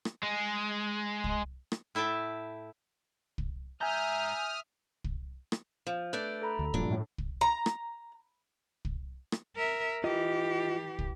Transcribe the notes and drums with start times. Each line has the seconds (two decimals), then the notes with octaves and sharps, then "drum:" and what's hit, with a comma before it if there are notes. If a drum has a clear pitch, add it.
0.05 drum: rim click
0.23 G#3
1.24 drum: kick
1.72 drum: rim click
1.95 A2 E4 E5 G5 A5
3.38 drum: kick
3.81 G#2 E5 G#5 A#5 D#6 F6 G6
5.04 drum: kick
5.52 drum: rim click
5.87 F3
6.13 A3 D4 B4 D5 G6
6.42 A4 A#5 B5
6.59 D2
6.74 D1 G2 A#2 F3 D4
6.91 A2
7.18 drum: kick
7.41 A#5
7.66 drum: rim click
8.85 drum: kick
9.32 drum: rim click
9.56 A#4 E5
10.04 E3 F4 G4 D#5
10.99 drum: kick